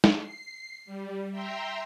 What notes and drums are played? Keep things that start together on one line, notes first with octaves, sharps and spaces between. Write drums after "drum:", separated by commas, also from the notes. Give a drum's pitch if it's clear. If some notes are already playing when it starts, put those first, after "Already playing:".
drum: snare
C7
G3
E5 G5 A#5 C6